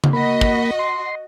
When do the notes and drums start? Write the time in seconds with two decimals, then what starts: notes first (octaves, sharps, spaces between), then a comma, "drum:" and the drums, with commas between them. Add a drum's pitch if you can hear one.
0.04 drum: tom C#3
0.13 A#3 F#4 D#5 B5
0.41 drum: kick
0.79 C6